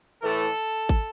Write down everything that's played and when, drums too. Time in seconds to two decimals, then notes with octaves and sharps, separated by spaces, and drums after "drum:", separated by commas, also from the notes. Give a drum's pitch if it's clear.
0.22 A2 E3 A3 A4
0.89 drum: kick